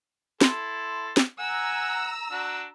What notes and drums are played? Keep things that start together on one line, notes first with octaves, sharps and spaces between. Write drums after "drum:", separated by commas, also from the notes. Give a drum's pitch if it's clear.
E4 A4 C6, drum: snare
drum: snare
F#5 G#5 A#5 E6
D4 F#4